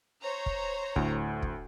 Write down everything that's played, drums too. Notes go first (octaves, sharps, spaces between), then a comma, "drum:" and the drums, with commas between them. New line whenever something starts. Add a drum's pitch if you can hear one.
C5 C#5 A#5
drum: kick
D2 A2, drum: kick
drum: kick